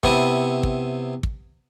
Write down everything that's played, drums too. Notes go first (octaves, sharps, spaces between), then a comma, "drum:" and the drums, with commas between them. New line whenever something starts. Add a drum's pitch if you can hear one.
C3 B3 C4 E4 D#6, drum: kick
drum: kick
drum: kick